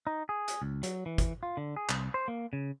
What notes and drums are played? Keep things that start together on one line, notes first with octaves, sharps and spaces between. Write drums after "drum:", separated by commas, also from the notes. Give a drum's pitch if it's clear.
D#4
G#4
drum: hi-hat
C#2
F#3, drum: hi-hat
E3
drum: kick, hi-hat
F4
D3
G#4
C2, drum: clap
C5
A#3
C#3